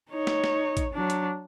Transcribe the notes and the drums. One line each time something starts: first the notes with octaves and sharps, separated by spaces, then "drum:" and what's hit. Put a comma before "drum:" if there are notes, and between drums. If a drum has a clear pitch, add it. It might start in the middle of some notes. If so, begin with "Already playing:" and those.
D#4 C#5
drum: snare
drum: snare
drum: kick, hi-hat
F#3 D4
drum: hi-hat